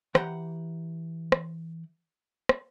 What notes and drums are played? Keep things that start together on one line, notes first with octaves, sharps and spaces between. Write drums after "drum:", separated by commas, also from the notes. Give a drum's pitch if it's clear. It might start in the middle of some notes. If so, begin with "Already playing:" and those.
E3 G4 F#5 G5 A#5, drum: rim click
drum: rim click
drum: rim click